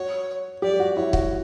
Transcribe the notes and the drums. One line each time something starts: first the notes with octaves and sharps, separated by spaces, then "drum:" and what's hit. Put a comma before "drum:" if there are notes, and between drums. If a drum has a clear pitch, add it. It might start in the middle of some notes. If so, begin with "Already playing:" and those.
Already playing: F#4 C#5
G4 D5
F#4
E4 C#5
F#4, drum: kick